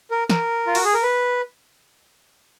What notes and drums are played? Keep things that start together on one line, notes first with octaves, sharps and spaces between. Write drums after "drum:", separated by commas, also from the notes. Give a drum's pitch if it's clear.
A#4
A#4, drum: snare
F4
F#4, drum: open hi-hat
G#4
A#4
B4